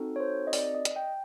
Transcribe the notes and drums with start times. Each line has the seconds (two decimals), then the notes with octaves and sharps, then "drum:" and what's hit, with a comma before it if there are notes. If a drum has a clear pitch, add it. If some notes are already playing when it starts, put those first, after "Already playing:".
Already playing: C4 D#4 F#4 A4
0.16 C#5
0.20 C5
0.47 D#5
0.53 D5, drum: open hi-hat
0.75 D#5
0.85 drum: hi-hat
0.96 G5